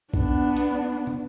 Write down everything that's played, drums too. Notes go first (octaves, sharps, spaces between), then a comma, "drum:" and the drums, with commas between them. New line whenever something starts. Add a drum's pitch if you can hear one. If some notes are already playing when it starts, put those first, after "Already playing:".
B3 D4, drum: kick A#1
drum: hi-hat
drum: tom